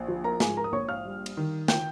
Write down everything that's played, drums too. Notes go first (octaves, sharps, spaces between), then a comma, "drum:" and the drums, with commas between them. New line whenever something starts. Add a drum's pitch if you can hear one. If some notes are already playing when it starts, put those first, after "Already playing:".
Already playing: A#1
F3
A#4 A#5
G#2 G#4 G#5, drum: snare
A#4 A#5
D#6
A#1 C#5 C#6
F5 F6
G3
drum: cymbal
D#3
G5 G6, drum: snare